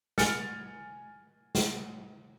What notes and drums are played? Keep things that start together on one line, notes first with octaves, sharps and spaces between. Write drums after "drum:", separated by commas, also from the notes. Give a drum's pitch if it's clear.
G#5 F6 A6 C#7, drum: snare
drum: snare